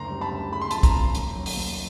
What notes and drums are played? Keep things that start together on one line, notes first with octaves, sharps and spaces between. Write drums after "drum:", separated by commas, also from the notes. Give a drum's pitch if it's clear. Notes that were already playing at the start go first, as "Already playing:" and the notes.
Already playing: F#1 D2 C#3 A#5 C6
G3
A5 B5
D2
G#3 B5
C6
F3 A5 B5, drum: hi-hat
A#5 C6, drum: kick, hi-hat
B1
D#2, drum: hi-hat
F#3
drum: open hi-hat
D#2